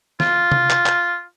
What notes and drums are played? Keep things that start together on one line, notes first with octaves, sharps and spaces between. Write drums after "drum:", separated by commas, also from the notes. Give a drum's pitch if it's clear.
F4, drum: snare
drum: tom C3
drum: clap
drum: clap